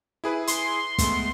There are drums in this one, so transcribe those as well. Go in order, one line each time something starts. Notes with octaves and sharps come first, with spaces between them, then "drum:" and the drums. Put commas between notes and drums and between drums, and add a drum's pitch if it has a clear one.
E4 G#4 B4
C6, drum: hi-hat
G#3 A3 B3, drum: kick, hi-hat